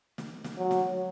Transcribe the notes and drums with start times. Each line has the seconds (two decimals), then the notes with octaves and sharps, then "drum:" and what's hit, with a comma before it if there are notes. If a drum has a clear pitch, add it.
0.18 drum: snare
0.44 drum: snare
0.57 F#3
0.71 drum: snare